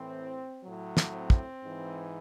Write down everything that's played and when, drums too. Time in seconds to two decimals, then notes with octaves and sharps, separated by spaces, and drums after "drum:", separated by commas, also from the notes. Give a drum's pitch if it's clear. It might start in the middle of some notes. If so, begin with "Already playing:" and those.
Already playing: A2 E3 C4
0.64 A2 F#3
0.97 drum: snare
1.13 C4
1.30 drum: kick
1.63 G#2 E3